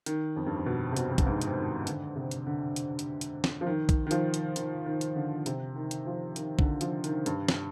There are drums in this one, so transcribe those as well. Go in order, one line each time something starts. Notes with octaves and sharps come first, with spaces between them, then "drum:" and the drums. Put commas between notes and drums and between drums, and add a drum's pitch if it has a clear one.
D#3, drum: hi-hat
F2
G2
F2
B2
C3
B2, drum: hi-hat
F2
G2, drum: kick B1, hi-hat
G#2
drum: hi-hat
D#3
D3, drum: hi-hat
C3
drum: hi-hat
D3
drum: hi-hat
drum: hi-hat
drum: hi-hat
drum: snare
F3
D#3
drum: kick B1, hi-hat
D#3
F3, drum: hi-hat
drum: hi-hat
D#3, drum: hi-hat
D#3
drum: hi-hat
D3
C3, drum: hi-hat
D#3
drum: hi-hat
F3
D#3, drum: hi-hat
D3, drum: kick B1
F3, drum: hi-hat
D#3, drum: hi-hat
G2, drum: hi-hat
drum: snare